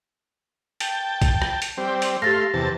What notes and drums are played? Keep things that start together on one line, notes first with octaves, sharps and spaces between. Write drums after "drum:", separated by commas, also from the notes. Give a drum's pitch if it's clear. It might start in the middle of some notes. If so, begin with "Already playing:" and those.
G5 A5, drum: hi-hat
drum: kick, hi-hat
drum: rim click
drum: hi-hat
G3 C4
drum: hi-hat
A3 G4 F5 C6 A6 A#6
E2 C3 A5